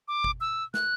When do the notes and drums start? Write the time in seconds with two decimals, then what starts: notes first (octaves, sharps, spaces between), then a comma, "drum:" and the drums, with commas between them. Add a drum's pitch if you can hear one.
0.08 D6
0.24 drum: kick G1
0.41 E6
0.74 F#6, drum: snare